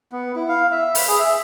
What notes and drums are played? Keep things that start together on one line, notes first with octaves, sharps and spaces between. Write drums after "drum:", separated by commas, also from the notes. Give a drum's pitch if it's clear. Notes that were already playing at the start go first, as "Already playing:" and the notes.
B3
E4
F5
E5
B5, drum: open hi-hat
G#4
E5